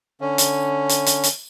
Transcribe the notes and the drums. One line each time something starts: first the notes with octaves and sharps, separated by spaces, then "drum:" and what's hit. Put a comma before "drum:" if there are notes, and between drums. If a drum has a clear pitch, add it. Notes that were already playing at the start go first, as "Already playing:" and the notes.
D3 C#4
drum: hi-hat
drum: hi-hat
drum: hi-hat
drum: hi-hat